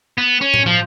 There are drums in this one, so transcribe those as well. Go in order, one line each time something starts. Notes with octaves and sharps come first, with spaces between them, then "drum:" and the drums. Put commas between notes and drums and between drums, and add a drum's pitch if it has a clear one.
B3
C#4
drum: tom A2
F3